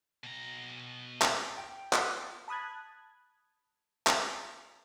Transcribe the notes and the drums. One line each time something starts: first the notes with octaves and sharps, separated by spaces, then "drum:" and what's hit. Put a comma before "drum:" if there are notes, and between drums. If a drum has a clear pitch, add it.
B2 A#5
drum: clap
G5
drum: clap
A5 B5 D#6 F#6 G#6
drum: clap